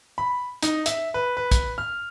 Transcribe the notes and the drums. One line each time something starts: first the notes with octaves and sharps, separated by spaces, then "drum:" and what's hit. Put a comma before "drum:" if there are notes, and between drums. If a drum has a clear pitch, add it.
B5
D#4, drum: hi-hat
E5, drum: hi-hat
B4
B4
drum: kick, hi-hat
F6